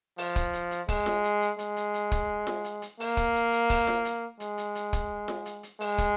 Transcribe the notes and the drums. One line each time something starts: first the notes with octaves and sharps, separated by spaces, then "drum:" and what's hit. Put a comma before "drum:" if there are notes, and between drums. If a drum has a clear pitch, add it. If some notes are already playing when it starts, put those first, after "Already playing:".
F3, drum: open hi-hat
drum: kick, hi-hat
drum: hi-hat
drum: hi-hat
G#3, drum: kick, open hi-hat
drum: snare F4
drum: hi-hat
drum: hi-hat
G#3, drum: hi-hat
drum: hi-hat
drum: hi-hat
drum: kick, hi-hat
drum: snare F4
drum: hi-hat
drum: hi-hat
A#3, drum: open hi-hat
drum: kick, hi-hat
drum: hi-hat
drum: hi-hat
drum: kick, open hi-hat
drum: snare F4
drum: hi-hat
G#3, drum: hi-hat
drum: hi-hat
drum: hi-hat
drum: kick, hi-hat
drum: snare F4
drum: hi-hat
drum: hi-hat
G#3, drum: open hi-hat
drum: kick, hi-hat